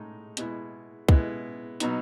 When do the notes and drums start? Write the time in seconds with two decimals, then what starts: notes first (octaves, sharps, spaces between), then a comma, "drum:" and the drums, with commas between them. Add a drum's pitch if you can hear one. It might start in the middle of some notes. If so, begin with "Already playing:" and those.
Already playing: A2 G#3 D#4
0.37 B2 G#3 B3 E4, drum: hi-hat
1.09 B2 G#3 B3 E4, drum: kick
1.80 B2 F#3 B3 D#4, drum: hi-hat